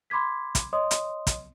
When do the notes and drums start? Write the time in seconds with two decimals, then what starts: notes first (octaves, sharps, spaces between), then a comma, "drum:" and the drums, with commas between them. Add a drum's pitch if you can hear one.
0.10 B5 C6 D6 G#6 B6
0.55 drum: kick, hi-hat
0.73 C#5 D#5 C6 D#6
0.91 drum: hi-hat
1.27 drum: kick, hi-hat